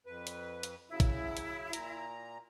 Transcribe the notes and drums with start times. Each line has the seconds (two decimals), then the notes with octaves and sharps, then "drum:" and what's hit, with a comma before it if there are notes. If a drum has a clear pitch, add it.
0.06 F2 B4
0.27 drum: hi-hat
0.63 drum: hi-hat
0.90 C#3 F#3 E4
1.00 drum: kick A#1, hi-hat
1.37 drum: hi-hat
1.73 A#2 A#5, drum: hi-hat